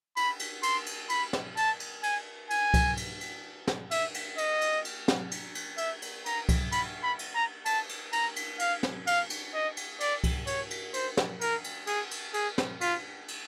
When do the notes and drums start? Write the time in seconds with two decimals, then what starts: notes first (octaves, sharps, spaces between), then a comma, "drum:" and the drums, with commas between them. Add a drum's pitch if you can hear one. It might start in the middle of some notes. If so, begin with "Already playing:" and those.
0.17 B5, drum: cymbal
0.39 drum: cymbal
0.63 C6, drum: cymbal
0.86 drum: cymbal
1.09 B5, drum: cymbal
1.33 drum: snare
1.57 A5, drum: cymbal
1.80 drum: cymbal
2.03 G#5, drum: cymbal
2.51 G#5, drum: cymbal
2.74 drum: kick C2, cymbal
2.97 drum: cymbal
3.21 drum: cymbal
3.67 drum: snare
3.91 E5, drum: cymbal
4.14 drum: cymbal
4.38 D#5, drum: cymbal
4.61 drum: cymbal
4.85 drum: cymbal
5.08 drum: snare
5.32 drum: cymbal
5.55 drum: cymbal
5.78 E5, drum: cymbal
6.02 drum: cymbal
6.26 A#5, drum: cymbal
6.49 drum: kick C2, cymbal
6.72 B5, drum: cymbal
7.03 B5
7.19 drum: cymbal
7.35 A#5
7.65 A5, drum: cymbal
7.89 drum: cymbal
8.13 A#5, drum: cymbal
8.36 drum: cymbal
8.60 F5, drum: cymbal
8.83 drum: snare
9.07 F5, drum: cymbal
9.30 drum: cymbal
9.54 D#5
9.77 drum: cymbal
10.00 D5, drum: cymbal
10.24 drum: kick C2, cymbal
10.47 C#5, drum: cymbal
10.70 drum: cymbal
10.94 C5, drum: cymbal
11.17 drum: snare
11.41 A#4, drum: cymbal
11.64 drum: cymbal
11.87 G#4, drum: cymbal
12.11 drum: cymbal
12.34 G#4, drum: cymbal
12.58 drum: snare
12.81 F4, drum: cymbal
13.28 drum: cymbal